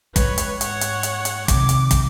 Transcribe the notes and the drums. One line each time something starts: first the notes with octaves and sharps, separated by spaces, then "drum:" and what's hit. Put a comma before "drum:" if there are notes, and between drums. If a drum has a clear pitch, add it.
G#2 B4 C#5, drum: kick, hi-hat
drum: hi-hat
C#5 F#5, drum: hi-hat
drum: hi-hat
drum: hi-hat
drum: hi-hat
C3 D#3 D6, drum: kick, hi-hat
drum: hi-hat
drum: kick, hi-hat